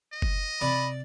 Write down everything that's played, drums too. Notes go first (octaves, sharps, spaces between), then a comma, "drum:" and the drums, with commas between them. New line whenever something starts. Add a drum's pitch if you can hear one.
D#5
drum: kick F#1
C3 D5 B5